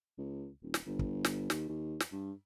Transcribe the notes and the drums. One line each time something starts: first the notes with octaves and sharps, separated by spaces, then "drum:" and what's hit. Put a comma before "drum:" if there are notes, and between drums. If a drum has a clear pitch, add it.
C#2
D#1
drum: snare
G1
drum: kick
drum: snare
D#2, drum: snare
D#2
drum: snare
G2